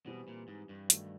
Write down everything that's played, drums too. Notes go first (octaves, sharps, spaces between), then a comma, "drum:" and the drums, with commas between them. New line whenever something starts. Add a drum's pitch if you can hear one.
B2 E3 G3 C4
A#2
G#2
G2
D#3 F#3 A3, drum: hi-hat